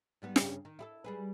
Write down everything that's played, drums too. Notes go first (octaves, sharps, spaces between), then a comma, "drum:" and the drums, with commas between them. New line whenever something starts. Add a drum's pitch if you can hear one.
G#2 G3 B3
G2 C#3 C#4, drum: snare
D#3
E4 G4 A4
G3 G#4 B4